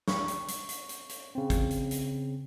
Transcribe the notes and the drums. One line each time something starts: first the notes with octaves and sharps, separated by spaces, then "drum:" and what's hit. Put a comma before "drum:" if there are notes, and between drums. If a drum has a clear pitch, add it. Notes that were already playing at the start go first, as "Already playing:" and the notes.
C#6, drum: snare
drum: hi-hat
drum: hi-hat
drum: hi-hat
drum: hi-hat
drum: hi-hat
C#3 C4
drum: kick, hi-hat
drum: hi-hat
drum: hi-hat